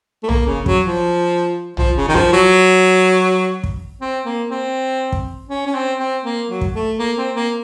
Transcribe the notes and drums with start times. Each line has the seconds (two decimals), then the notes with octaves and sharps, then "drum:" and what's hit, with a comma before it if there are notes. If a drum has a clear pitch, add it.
0.23 A3
0.29 A#3, drum: tom
0.47 C#3
0.66 F#3, drum: kick
0.84 F3
1.77 F3, drum: tom
1.97 C#3
2.08 D#3
2.15 F3, drum: kick
2.33 F#3
3.64 drum: kick
4.01 C4
4.26 A#3
4.50 C4
5.12 drum: kick
5.49 C#4
5.67 C#4
5.75 C4
5.99 C4
6.24 A#3
6.49 F#3
6.61 drum: kick
6.74 A3
6.99 A#3
7.17 C4
7.35 A#3